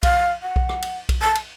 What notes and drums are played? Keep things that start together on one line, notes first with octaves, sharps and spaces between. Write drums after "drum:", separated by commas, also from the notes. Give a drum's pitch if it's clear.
F5, drum: kick B1, cymbal
F#5
drum: kick B1
drum: rim click
drum: cymbal
drum: kick B1, cymbal
A5
drum: cymbal